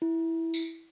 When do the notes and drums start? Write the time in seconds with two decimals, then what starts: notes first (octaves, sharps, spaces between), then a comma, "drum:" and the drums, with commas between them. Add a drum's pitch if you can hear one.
0.02 E4
0.54 drum: tambourine